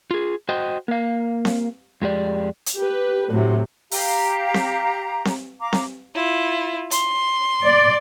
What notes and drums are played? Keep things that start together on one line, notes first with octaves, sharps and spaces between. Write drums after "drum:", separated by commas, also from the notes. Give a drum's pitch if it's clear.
F4 G#4
F#4 C5 D#5 G5
A#3 F5
drum: snare C4
F2 G#3 G4 D5
drum: hi-hat
G4 B4
A2 C3 F#3
G4 F5 A#5, drum: open hi-hat
drum: snare C4
drum: snare C4
F5 A#5 D6
drum: snare C4
E4 F4
C6, drum: hi-hat
D5